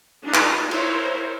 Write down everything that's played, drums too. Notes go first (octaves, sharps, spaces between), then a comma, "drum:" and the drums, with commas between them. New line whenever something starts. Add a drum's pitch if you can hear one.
D4 D#4 F4
drum: clap
E4 A#4 C5 C#5, drum: cymbal